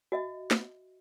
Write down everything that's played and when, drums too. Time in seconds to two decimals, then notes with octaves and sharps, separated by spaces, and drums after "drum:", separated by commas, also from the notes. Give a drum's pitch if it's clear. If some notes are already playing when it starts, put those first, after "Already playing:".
0.12 F#4 D#5 E5
0.51 drum: snare